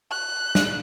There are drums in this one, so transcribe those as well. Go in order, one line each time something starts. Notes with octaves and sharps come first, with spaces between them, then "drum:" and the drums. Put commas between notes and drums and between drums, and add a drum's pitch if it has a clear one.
F#6
drum: snare